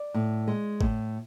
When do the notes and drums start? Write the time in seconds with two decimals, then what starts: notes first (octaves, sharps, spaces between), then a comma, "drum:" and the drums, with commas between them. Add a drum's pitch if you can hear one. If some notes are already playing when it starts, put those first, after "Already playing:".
Already playing: D5
0.14 A2
0.48 G#3
0.81 A2, drum: kick G#1